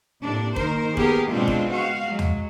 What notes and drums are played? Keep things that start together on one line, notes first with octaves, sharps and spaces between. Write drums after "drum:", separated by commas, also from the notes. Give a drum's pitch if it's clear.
A2 C3 A#3 D4
D#3 A#3 A#4 C5, drum: kick
B3 G4 G#4 A#4, drum: kick
B2 G#3 C4 D4 F4
drum: kick
F#4 F5
F#3 G#3
drum: tom